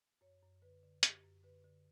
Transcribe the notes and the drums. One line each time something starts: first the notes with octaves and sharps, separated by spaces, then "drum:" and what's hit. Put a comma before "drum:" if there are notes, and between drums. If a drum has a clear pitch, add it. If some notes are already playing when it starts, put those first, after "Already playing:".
F#2 C#5
F#2
D3 B4
D3
F#2 G4, drum: hi-hat
F#2
D3 B4
D3